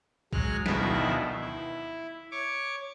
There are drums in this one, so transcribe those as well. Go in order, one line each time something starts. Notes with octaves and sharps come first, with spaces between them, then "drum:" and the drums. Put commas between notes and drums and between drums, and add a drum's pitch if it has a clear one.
F#3 G#3 F6 F#6, drum: kick
D2 B2 D#3 F3 E4 E5, drum: snare
E4
C#5 C#6 D6